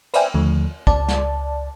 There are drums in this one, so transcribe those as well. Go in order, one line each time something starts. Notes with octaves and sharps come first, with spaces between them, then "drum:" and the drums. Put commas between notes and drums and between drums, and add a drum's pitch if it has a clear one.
B4 C5 D5 E5 G5 G#5, drum: cymbal
D#2 D3 F3 A3
C#2 D5 A5, drum: kick
drum: snare